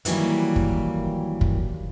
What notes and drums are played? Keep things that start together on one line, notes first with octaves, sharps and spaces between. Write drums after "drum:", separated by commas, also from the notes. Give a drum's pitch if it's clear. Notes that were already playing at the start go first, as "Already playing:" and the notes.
D#3 E3 F#3 G3 A#3, drum: hi-hat
drum: kick
drum: kick